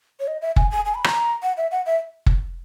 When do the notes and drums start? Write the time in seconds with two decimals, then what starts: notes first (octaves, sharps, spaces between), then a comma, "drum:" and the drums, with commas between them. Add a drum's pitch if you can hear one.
0.20 C#5
0.27 D#5
0.42 E5
0.56 G#5, drum: kick F#1
0.71 G#5
0.85 G#5
0.95 B5
1.04 A#5, drum: rim click
1.43 F#5
1.57 E5
1.71 F#5
1.86 E5
2.26 drum: kick F#1